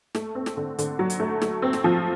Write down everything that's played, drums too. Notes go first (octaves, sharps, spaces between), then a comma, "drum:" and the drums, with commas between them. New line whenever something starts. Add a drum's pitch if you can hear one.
A3, drum: snare
C4
drum: snare
D3
D3, drum: hi-hat
F#3
drum: hi-hat
A3
A3, drum: snare
C4
drum: snare
F3